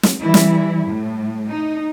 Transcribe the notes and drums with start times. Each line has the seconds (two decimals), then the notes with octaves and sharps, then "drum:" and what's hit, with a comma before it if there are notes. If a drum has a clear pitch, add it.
0.03 drum: snare
0.22 E3 G3 E4
0.34 drum: snare
0.89 A2
1.48 D#4